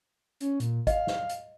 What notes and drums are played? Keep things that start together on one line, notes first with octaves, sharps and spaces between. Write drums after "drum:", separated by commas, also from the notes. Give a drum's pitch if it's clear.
C#4, drum: hi-hat
A#2, drum: hi-hat
D#5 F5, drum: kick G#1, hi-hat
drum: snare
drum: hi-hat